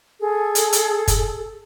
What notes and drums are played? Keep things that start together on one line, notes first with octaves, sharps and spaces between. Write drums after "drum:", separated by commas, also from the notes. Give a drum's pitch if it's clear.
G#4 A4
drum: hi-hat
drum: hi-hat
drum: kick, hi-hat